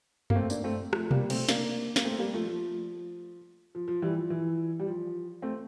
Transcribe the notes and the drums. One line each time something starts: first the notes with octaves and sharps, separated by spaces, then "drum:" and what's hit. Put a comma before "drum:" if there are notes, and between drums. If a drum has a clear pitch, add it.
A#3, drum: tom F#2
A3 C4
A#3 D4, drum: tambourine
A3 C4
F3 A3, drum: rim click
G3 A#3, drum: tom B2
A3 C4, drum: cymbal
A#3 D4, drum: snare
A#3, drum: snare
A3 C4
G3 A#3
F3 A3
F3
F3
F3
E3 G3
F3
E3
G3
F3
A3 C4